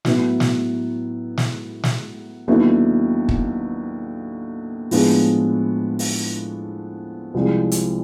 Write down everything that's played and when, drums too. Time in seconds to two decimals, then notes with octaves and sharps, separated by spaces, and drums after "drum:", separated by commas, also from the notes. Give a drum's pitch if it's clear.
0.05 A2 F#3 B3 E4, drum: snare
0.40 drum: snare
1.37 drum: snare
1.84 drum: snare
2.48 D#2 D3 F#3 B3 E4
3.29 drum: kick
4.91 A2 F3 G#3 B3 D4, drum: open hi-hat
5.99 drum: open hi-hat
7.34 C2 C3 F3 G#3
7.72 drum: hi-hat